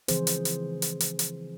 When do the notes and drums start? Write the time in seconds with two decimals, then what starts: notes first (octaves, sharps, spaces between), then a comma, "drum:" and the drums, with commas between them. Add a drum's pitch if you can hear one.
0.08 C#3 E3 F3 C4 G#4 C5, drum: hi-hat
0.27 drum: hi-hat
0.45 drum: hi-hat
0.82 drum: hi-hat
1.00 drum: hi-hat
1.19 drum: hi-hat